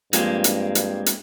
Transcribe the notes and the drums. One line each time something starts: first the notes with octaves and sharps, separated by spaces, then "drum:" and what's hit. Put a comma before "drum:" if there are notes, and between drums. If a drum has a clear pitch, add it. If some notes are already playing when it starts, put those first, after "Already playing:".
G2 F3 G#3 A#3 C4 G4 F5, drum: hi-hat
drum: hi-hat
drum: hi-hat
drum: hi-hat